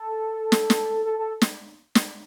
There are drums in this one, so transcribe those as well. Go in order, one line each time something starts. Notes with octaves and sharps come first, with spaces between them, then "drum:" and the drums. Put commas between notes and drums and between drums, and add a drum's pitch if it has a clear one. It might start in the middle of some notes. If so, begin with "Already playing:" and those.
Already playing: A4
drum: snare
drum: snare
A4
A4
drum: snare
drum: snare